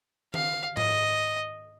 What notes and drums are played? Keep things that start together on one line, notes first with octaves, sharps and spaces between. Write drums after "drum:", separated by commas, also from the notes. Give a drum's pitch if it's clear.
F5, drum: tom D#3
D#5, drum: tom G#2